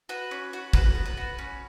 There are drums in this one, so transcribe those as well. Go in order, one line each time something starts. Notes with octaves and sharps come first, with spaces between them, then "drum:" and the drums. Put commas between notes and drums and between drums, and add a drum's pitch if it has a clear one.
F#4 B4
C#4
F#4
F#4 B4, drum: kick
B3
B4
F#4
C#4